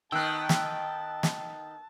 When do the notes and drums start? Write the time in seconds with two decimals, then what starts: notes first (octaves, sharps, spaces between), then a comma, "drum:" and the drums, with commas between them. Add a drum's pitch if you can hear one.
0.12 D#3 B3 G5 A5 E6 F#6
0.49 drum: snare
1.23 drum: snare